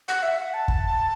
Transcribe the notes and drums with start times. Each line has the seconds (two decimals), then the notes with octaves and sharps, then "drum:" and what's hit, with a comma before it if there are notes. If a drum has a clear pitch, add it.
0.08 F#5
0.23 E5
0.38 F#5
0.54 A5
0.68 drum: kick